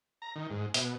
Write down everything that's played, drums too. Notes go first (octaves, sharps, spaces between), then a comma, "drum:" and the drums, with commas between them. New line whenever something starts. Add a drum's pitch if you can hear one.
A#5
D#3
G#2
B2, drum: hi-hat